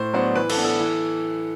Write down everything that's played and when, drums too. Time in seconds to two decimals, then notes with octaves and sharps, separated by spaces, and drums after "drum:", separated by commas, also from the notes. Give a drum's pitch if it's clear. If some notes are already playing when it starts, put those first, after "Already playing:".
Already playing: A2 C5
0.14 F#3 B3 D4 C5
0.35 E3 B4
0.50 A4, drum: cymbal
0.56 B3 D4
0.64 A4
0.79 E3